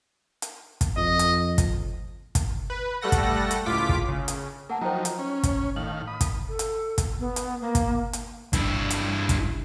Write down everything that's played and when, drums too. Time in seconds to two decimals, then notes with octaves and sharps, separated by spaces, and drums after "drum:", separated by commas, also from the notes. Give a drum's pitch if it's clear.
0.42 drum: hi-hat
0.81 drum: kick, hi-hat
0.97 F2 D#5
1.19 drum: hi-hat
1.58 drum: kick, hi-hat
2.35 drum: kick, hi-hat
2.70 B4
3.02 G3 A3 A4 F#5 A#6
3.12 drum: kick, hi-hat
3.51 drum: hi-hat
3.66 C#2 A2 F4 D6 B6
3.89 drum: kick
4.08 C#3
4.28 drum: hi-hat
4.69 A#3 A#4 F#5 A5
4.81 F3 F#3 D#4 C5 G5 A#5
5.05 drum: hi-hat
5.18 C#4
5.43 drum: kick, hi-hat
5.76 A2 D#3 F5 F#7
6.07 B5 D#6
6.21 drum: kick, hi-hat
6.49 A4
6.59 drum: hi-hat
6.98 drum: kick, hi-hat
7.19 B3
7.36 drum: hi-hat
7.61 A#3
7.75 drum: kick, hi-hat
8.13 drum: hi-hat
8.53 G2 E4, drum: kick, hi-hat
8.90 drum: hi-hat
9.29 drum: kick, hi-hat